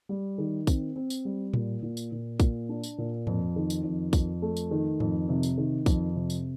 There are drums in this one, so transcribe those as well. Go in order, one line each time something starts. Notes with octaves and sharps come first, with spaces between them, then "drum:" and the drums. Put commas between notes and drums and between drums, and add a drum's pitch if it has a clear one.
G3
D#3
C4, drum: kick, tambourine
C4
drum: tambourine
G3
A#2, drum: tom A2
A#2
drum: tambourine
A#2
A#2, drum: kick, tambourine
D4
drum: tambourine
A#2
F2, drum: tom G#2
D#3
drum: tambourine
F2
F2, drum: kick, tambourine
A3
drum: tambourine
D#3
F2, drum: tom G#2
C3
drum: tambourine
D#3
F2, drum: kick, tambourine
C3
drum: tambourine